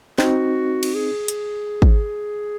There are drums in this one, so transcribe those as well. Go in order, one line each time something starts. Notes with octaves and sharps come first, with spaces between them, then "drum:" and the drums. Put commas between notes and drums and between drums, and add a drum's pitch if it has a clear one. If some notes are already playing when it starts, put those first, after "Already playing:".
C4 D#4 F#4, drum: snare
drum: cymbal
G#4
drum: hi-hat
drum: kick